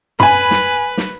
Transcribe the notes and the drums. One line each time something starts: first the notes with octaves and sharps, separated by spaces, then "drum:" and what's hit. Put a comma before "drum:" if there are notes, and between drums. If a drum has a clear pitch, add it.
B4 G#5 B5, drum: tom
drum: snare
drum: snare